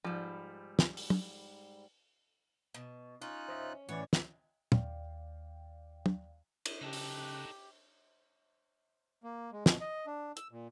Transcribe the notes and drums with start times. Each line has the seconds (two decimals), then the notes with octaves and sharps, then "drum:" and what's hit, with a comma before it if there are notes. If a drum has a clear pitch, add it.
0.04 G#2 F3 G3
0.79 drum: snare
0.97 drum: open hi-hat
1.10 drum: tom
2.74 B2
3.22 C#4 D#4 F4 F#6
3.49 C5 D#5 E5
3.89 A2 E3 C#4 C#5 D5 F#5
4.13 drum: snare
4.72 D#2 D5 F5 G5, drum: tom
6.06 drum: tom
6.66 drum: cymbal
6.81 C#3 D#4 G4 A4 F#6
6.93 drum: open hi-hat
9.24 A#3
9.52 G#3
9.66 B2, drum: snare
9.81 D#5
10.06 D4
10.37 E6, drum: hi-hat
10.52 A#2